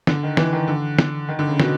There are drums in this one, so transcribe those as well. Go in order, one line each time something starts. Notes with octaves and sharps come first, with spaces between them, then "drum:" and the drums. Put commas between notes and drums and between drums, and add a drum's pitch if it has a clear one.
D3, drum: snare
D#3
E3, drum: snare
D#3
D3
drum: snare
D#3
D3
C#3
B2, drum: snare